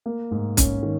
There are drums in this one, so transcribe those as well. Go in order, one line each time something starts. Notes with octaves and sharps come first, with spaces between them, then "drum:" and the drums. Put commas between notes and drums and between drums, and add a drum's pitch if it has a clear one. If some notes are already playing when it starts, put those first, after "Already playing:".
A#3
G#2
C#4, drum: kick, hi-hat
D#3